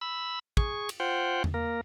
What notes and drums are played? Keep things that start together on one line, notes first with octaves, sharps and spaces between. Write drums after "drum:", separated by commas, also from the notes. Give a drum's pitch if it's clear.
B5 E6
G#4 C#6, drum: kick
drum: cymbal
F4 C5 F#5 G5
drum: tom E2
A#3 A#4